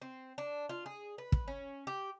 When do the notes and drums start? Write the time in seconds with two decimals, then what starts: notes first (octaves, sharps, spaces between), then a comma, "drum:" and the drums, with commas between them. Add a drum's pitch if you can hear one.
0.02 C4
0.38 D4
0.69 F4
0.86 G#4
1.18 B4
1.32 drum: kick
1.48 C#4
1.87 G4